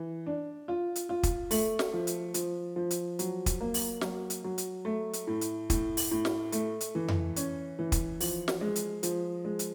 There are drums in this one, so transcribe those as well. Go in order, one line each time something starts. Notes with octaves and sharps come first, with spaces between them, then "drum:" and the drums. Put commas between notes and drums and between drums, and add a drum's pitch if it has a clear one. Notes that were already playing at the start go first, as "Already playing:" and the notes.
Already playing: E3
D4
F4
drum: hi-hat
F4
drum: kick, hi-hat
A3, drum: open hi-hat
drum: snare
F3
drum: hi-hat
F3, drum: hi-hat
F3
drum: hi-hat
F#3, drum: hi-hat
drum: kick, hi-hat
A#3
drum: open hi-hat
F#3, drum: snare
drum: hi-hat
F#3
drum: hi-hat
A3
drum: hi-hat
A2
drum: hi-hat
A2, drum: kick, hi-hat
drum: open hi-hat
A2
drum: snare
A3, drum: hi-hat
drum: hi-hat
E3
drum: tom F2
C#4, drum: hi-hat
E3
drum: kick, hi-hat
F3, drum: open hi-hat
drum: snare
G#3
drum: hi-hat
F3, drum: hi-hat
G#3
drum: hi-hat